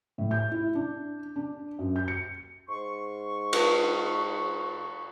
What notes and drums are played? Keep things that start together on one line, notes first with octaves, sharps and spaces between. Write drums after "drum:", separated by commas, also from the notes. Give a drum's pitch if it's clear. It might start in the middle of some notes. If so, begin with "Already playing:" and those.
A2
G6
E4
D4
D4
F#2
G6
C#7
G#2 C6 C#6
drum: cymbal